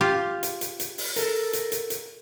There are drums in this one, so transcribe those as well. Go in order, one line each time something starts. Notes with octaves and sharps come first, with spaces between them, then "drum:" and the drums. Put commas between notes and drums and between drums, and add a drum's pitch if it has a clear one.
F4 G4
drum: hi-hat
drum: hi-hat
drum: hi-hat
drum: open hi-hat
A4 A#4, drum: hi-hat
drum: hi-hat
drum: hi-hat
drum: hi-hat